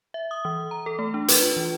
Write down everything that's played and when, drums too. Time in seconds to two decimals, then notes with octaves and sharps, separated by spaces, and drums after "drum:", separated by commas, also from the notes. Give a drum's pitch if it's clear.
0.14 E5
0.31 D#6
0.45 E3
0.71 A#5
0.86 A4
0.99 A3
1.14 D4
1.28 B4, drum: hi-hat
1.42 F4
1.57 E3